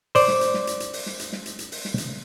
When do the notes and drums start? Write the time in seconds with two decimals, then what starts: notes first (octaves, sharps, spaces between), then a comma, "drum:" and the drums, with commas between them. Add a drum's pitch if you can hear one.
0.15 C5 D5, drum: open hi-hat
0.28 drum: snare
0.41 drum: hi-hat
0.54 drum: snare
0.67 drum: hi-hat
0.80 drum: hi-hat
0.93 drum: open hi-hat
1.06 drum: snare
1.19 drum: hi-hat
1.33 drum: snare
1.46 drum: hi-hat
1.59 drum: hi-hat
1.72 drum: open hi-hat
1.85 drum: snare
1.98 drum: hi-hat